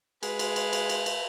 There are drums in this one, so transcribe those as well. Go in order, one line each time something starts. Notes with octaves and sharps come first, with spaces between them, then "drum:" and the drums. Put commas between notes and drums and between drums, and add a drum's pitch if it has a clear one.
G#3 B4, drum: cymbal
drum: cymbal
drum: cymbal
drum: cymbal
drum: cymbal
drum: cymbal